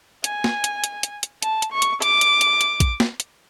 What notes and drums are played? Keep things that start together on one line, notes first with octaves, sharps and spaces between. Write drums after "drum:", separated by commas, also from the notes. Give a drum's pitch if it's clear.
G#5, drum: hi-hat
drum: snare
drum: hi-hat
drum: hi-hat
drum: hi-hat
drum: hi-hat
A5, drum: hi-hat
drum: hi-hat
C#6
drum: hi-hat
D6, drum: hi-hat
drum: hi-hat
drum: hi-hat
drum: hi-hat
drum: kick, hi-hat
drum: snare
drum: hi-hat